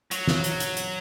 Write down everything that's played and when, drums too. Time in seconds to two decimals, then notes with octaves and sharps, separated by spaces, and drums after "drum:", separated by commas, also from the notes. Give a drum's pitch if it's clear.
0.11 F#3, drum: hi-hat
0.27 drum: snare
0.44 drum: hi-hat
0.60 drum: hi-hat
0.77 drum: hi-hat